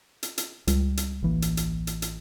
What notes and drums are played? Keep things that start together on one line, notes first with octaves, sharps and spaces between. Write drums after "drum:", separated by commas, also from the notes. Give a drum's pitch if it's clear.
drum: hi-hat
drum: hi-hat
C#2 G3, drum: hi-hat
drum: hi-hat
A1 E3 A#3
drum: hi-hat
drum: hi-hat
drum: hi-hat
drum: hi-hat